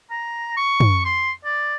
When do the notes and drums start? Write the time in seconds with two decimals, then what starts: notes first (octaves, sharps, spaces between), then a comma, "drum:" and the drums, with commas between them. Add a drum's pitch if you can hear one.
0.11 A#5
0.57 C#6
0.80 drum: tom
1.05 C6
1.44 D5